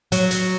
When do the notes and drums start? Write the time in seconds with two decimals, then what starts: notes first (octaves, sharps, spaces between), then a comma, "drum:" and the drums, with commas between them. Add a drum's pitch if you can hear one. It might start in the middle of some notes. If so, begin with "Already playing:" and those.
0.12 F#3, drum: hi-hat
0.31 drum: hi-hat